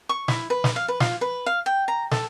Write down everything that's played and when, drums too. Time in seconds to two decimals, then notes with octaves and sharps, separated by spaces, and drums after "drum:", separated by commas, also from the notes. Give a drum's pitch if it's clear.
0.09 C#6
0.28 E4, drum: snare
0.50 B4
0.64 drum: snare
0.76 F5
0.88 B4
1.00 F4, drum: snare
1.21 B4
1.46 F5
1.66 G5
1.88 A#5
2.11 A4, drum: snare